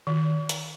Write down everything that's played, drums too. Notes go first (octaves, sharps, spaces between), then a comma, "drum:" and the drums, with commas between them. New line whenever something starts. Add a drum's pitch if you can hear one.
D#3
drum: hi-hat